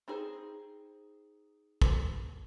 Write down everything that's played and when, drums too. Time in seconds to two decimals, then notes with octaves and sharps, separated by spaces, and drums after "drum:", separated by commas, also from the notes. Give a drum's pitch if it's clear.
0.08 C4 D#4 G#4 C5
1.82 drum: kick